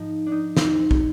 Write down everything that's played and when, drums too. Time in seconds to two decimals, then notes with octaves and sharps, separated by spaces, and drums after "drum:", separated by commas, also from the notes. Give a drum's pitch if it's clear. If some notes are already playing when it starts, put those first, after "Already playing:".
Already playing: G#2 F3 D#4
0.26 D4
0.32 D#4
0.57 C4, drum: snare
0.91 drum: kick